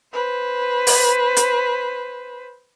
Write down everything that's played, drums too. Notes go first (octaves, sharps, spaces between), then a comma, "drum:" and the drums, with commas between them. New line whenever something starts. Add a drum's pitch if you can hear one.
B4 C5
drum: open hi-hat
drum: hi-hat